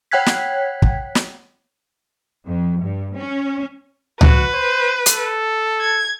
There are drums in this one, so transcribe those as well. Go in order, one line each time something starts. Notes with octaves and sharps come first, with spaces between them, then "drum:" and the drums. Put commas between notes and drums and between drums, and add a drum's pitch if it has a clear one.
C#5 F#5 G5 F#6 G#6 B6
drum: snare
drum: kick
drum: snare
F2
G2
C#4
F#4 B4, drum: tom C#2
C5
A4, drum: hi-hat
G#6